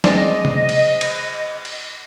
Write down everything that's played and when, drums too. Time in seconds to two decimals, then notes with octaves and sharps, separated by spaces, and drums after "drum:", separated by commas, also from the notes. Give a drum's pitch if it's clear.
0.04 G#3 C4 D5 D#5, drum: snare
0.45 drum: tom C3
0.69 drum: cymbal
1.01 drum: cymbal
1.65 drum: cymbal